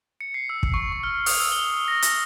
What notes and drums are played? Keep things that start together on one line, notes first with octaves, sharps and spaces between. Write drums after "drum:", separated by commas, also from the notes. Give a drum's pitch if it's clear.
C#7
C7
E6
drum: kick
C#6
C#6
F6
D#6, drum: open hi-hat
E6
G7
E6
A#6
A#6, drum: hi-hat